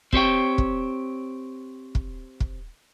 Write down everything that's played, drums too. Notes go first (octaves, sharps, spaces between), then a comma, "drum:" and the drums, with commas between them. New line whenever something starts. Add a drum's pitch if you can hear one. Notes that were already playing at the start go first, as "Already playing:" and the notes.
C4 G4 C#5 G5, drum: kick
drum: kick
drum: kick
drum: kick